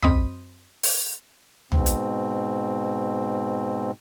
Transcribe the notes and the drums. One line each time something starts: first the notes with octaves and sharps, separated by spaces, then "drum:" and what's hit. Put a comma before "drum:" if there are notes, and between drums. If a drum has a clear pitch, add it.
F#2 C4 D#5 B5 D#6 B6, drum: tom
drum: open hi-hat
G#2 B2 C4, drum: tom
drum: hi-hat